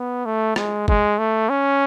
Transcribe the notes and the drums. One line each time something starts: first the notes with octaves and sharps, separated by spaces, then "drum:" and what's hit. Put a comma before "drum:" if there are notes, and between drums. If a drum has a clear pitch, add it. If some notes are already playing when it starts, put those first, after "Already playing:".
Already playing: B3
A3
G#3, drum: rim click
G#3, drum: kick
A3
C#4